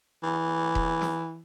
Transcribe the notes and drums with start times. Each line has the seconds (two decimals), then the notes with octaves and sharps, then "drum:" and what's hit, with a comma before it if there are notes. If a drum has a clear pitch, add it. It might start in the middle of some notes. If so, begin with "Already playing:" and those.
0.23 E3
0.75 drum: kick E1
1.01 drum: snare